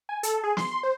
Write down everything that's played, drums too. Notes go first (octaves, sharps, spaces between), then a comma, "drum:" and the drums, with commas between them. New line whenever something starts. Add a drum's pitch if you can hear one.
G#5
A4, drum: hi-hat
G#4
C6, drum: snare
C6
C5